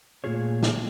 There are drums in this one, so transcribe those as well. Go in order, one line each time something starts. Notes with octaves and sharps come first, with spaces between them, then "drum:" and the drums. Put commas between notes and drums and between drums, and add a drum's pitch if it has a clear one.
A#2 A3 F4 G#4 C#5
drum: snare